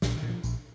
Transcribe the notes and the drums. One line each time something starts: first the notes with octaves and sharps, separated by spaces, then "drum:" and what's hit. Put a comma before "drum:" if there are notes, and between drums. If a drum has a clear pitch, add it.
A#1 F3, drum: snare
D#3
A#2
F3
A#1, drum: tambourine